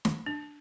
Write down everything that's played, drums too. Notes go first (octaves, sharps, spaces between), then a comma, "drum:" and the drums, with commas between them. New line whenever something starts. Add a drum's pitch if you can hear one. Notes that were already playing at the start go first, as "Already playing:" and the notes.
drum: snare
D4